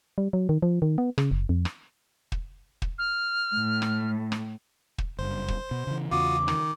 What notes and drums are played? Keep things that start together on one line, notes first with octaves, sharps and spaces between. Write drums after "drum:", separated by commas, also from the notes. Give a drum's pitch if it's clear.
G3
F#3
D#3
F3
D#3
B3
C#3, drum: rim click
F#1
F2
drum: rim click
drum: kick
drum: kick
F6
A2
drum: rim click
drum: rim click
drum: kick
F#1 G2 C5
drum: kick
B2
C#3 E3
E2 C#3 F4 F#4 D6 D#6
D#3, drum: rim click